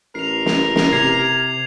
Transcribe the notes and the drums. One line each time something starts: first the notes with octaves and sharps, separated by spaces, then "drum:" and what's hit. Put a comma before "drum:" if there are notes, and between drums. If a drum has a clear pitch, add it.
A1 A#4 C7 F7
drum: snare
drum: snare
C3 G#6 C7 F7